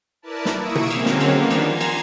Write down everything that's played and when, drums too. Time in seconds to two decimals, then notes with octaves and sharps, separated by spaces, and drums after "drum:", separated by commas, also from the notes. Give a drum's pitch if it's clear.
0.22 E4 A#4 B4 D5 A5
0.45 drum: snare
0.56 A#3 E4 C#6 D#6 E6 D7
0.75 drum: tom B2
0.90 D3 F#3 G#3 A#3 C4 C#4, drum: cymbal
1.05 drum: snare
1.20 drum: cymbal
1.32 D#3 F3 G3 A#3 B3 D4
1.51 drum: cymbal
1.62 G#5 A#5 C6 G#6
1.81 drum: cymbal